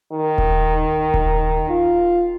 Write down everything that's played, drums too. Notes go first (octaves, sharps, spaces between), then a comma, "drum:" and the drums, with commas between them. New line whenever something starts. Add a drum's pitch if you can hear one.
D#3
drum: kick D#1
drum: kick D#1
F4